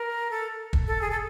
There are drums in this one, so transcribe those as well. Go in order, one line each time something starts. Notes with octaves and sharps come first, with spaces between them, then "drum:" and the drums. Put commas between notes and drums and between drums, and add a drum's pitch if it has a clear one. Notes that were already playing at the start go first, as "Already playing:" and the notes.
Already playing: A#4
A4
drum: kick
A4
G#4
A4